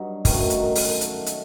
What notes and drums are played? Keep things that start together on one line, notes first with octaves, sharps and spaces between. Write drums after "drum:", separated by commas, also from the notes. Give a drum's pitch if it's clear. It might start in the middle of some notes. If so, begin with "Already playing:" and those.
Already playing: G2 F#3 D#4
F#2 D#3 A3, drum: kick, open hi-hat
drum: hi-hat
drum: open hi-hat
drum: hi-hat
drum: hi-hat